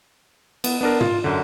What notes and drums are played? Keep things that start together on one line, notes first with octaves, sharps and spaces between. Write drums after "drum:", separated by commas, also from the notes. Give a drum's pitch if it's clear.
B3, drum: cymbal
B3 D4 A#4
F4, drum: tom
F#2 D3